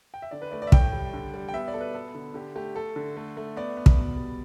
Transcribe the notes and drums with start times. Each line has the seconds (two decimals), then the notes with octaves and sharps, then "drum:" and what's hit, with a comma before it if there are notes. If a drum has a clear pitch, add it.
0.14 G5
0.22 E5
0.31 D3 D5
0.42 B4
0.52 A3 D5
0.62 D5
0.67 E5
0.72 A2 G5, drum: kick
0.93 G3
1.14 D3
1.34 G3
1.48 G5
1.54 B3 E5
1.68 D5
1.74 B2 A4
1.81 B4
1.94 B3 A4
2.15 D3
2.34 D3 G4
2.55 A3 G4
2.76 A3 A4
2.96 D3
3.17 A3
3.37 A3
3.56 B3 D5
3.77 B3
3.86 drum: kick
3.97 B2
4.17 G3